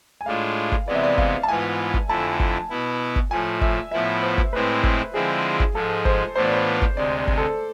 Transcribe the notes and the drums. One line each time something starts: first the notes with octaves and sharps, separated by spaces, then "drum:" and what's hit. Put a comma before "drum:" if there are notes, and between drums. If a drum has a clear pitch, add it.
G#5
A2 G#3 D4 F4 F5
drum: kick G1
C3 E3 G#3 B3 D5
E5
D5
F5, drum: kick G1
A5
G#2 E3 B3 F4 G#5
drum: kick G1
F2 D3 A3 E4 A5
drum: kick G1
B2 B3 E4
drum: kick G1
A2 F3 A3 G#5
E5, drum: kick G1
A2 F3 B3 E4 E5
C5
drum: kick G1
A2 G#3 C4 E4 B4
drum: kick G1
D3 F3 G#3 C4 E4 G#4
drum: kick G1
G#2 F3 G#3 A4
C5, drum: kick G1
A2 E3 B3 D4 F4 C5
D5
C5
drum: kick G1
D2 C3 G#3 D5
D5
drum: kick G1
A4